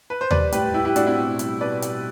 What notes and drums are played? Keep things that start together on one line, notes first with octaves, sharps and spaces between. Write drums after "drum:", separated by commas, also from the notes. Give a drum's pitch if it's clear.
B4
C5
G3 B4 D5, drum: tom D#2
A2 G4 B4, drum: hi-hat
A2 E4 G4
E4 G4
A2 D4 F#4, drum: hi-hat
C4 E4
B2
G3, drum: hi-hat
B2 B4 D5
G3, drum: hi-hat